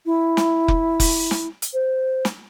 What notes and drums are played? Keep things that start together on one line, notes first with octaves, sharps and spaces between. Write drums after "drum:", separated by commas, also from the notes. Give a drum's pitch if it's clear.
E4
drum: snare
drum: kick F1
drum: kick F1, open hi-hat
drum: snare
drum: hi-hat
C5
drum: snare